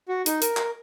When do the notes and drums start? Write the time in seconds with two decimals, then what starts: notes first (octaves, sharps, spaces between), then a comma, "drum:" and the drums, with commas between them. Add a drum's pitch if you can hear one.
0.09 F#4
0.26 D#4, drum: hi-hat
0.42 A#4, drum: hi-hat
0.57 drum: clap